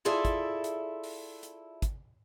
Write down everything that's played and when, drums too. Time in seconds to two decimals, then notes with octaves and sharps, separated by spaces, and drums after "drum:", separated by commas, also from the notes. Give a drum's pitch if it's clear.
0.05 E4 F4 G#4 A4 D5 E5
0.25 drum: kick, hi-hat
0.64 drum: hi-hat
1.04 drum: open hi-hat
1.43 drum: hi-hat
1.82 drum: kick, hi-hat